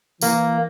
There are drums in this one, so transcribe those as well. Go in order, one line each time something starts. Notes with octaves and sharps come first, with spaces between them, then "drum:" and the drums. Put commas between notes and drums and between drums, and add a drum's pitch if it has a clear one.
E3 A#3, drum: tambourine